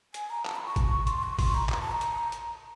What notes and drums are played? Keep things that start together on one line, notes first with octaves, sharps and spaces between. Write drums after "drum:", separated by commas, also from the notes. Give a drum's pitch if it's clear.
G#5, drum: hi-hat
A#5
A5, drum: clap
B5
C#6
drum: kick G#1, hi-hat
C6, drum: hi-hat
C#6
C6, drum: kick G#1, open hi-hat
A#5
A#5, drum: clap
A5
A#5
drum: hi-hat
drum: hi-hat